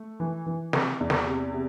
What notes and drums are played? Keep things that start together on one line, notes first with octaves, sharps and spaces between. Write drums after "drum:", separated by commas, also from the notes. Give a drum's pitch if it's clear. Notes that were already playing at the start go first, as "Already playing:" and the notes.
Already playing: A3
E3
E3
C3, drum: snare
E2
drum: snare
C3
C3